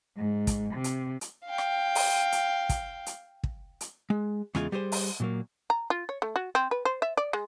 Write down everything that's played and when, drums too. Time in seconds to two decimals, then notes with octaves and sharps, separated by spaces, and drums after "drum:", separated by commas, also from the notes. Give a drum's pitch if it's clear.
0.17 G#2
0.47 drum: kick, hi-hat
0.74 C3
0.84 drum: hi-hat
1.21 drum: hi-hat
1.46 F5 G5
1.58 drum: rim click
1.95 drum: open hi-hat
2.32 drum: hi-hat
2.69 drum: kick, hi-hat
3.06 drum: hi-hat
3.44 drum: kick
3.81 drum: hi-hat
4.10 G#3
4.55 E2 C#3 G#3 F4 G#5, drum: rim click
4.72 G3 G4 G#4 C5
4.92 drum: open hi-hat
5.20 A#2 F#3 A#3
5.70 A#5
5.90 F4
6.09 C#5
6.22 A3
6.36 F#4
6.55 C4
6.71 B4
6.85 C5
7.02 E5
7.17 D5
7.33 G#3